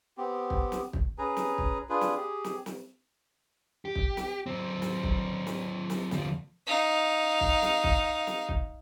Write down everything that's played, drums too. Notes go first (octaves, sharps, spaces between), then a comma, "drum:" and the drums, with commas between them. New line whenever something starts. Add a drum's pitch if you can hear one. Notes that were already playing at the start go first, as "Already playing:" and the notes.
B3 C4 G4
drum: kick
drum: snare
drum: kick
C#4 G#4 B4 A#5
drum: snare
drum: kick
D4 F4 G#4 B4
drum: snare
G4 G#4
drum: snare
drum: snare
G4
drum: kick
drum: snare
F#3 C4
drum: snare
drum: kick
drum: snare
drum: snare
D2 F3, drum: snare
D#4 F5
drum: kick
drum: snare
drum: kick
drum: snare
drum: kick